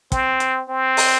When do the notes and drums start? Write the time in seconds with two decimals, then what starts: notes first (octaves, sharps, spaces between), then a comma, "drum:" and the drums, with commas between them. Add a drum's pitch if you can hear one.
0.12 C4, drum: kick, hi-hat
0.40 drum: hi-hat
0.69 C4
0.97 drum: open hi-hat